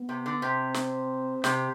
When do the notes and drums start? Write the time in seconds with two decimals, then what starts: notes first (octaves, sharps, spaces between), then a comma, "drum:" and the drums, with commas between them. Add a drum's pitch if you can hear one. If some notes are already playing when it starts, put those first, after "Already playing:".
Already playing: B3
0.09 C3
0.26 D3
0.42 C3 C4
0.74 drum: snare
1.44 C3, drum: snare